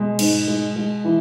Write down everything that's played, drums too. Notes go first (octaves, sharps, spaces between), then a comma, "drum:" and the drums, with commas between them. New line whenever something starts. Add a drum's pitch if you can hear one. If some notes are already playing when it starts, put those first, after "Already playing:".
Already playing: B2 G#3
G#2, drum: cymbal
G#3
G#3
E3